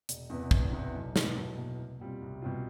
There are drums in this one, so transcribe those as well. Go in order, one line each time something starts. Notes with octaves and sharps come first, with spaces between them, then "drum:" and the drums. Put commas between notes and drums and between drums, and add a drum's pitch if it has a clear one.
E1, drum: hi-hat
E2 C3 E3 B3
E1, drum: kick
E2 C3 E3 B3
B1
B2 B3, drum: snare
B1
B2 B3
C2
B2 G3 C4 F4
C2
B2 G3 C4 F4